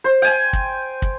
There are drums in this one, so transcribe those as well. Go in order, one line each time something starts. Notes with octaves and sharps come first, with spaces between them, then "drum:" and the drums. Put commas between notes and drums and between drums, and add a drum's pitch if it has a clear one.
C5
G5 G#5
drum: kick
drum: kick